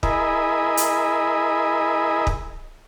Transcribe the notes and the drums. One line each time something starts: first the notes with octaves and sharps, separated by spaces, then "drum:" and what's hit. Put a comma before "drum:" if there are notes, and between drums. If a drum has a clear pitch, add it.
E4 G#4 A#4 D#5 B5, drum: kick
drum: hi-hat
drum: kick